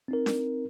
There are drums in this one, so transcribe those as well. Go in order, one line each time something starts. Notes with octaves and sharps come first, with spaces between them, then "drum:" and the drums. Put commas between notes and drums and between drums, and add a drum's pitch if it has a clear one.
C4 D#4 A#4
drum: snare D4